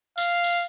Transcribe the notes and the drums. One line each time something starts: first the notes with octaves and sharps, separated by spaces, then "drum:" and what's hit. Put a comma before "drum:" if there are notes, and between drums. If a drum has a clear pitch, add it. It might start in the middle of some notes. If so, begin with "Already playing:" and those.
F5, drum: tambourine
drum: tambourine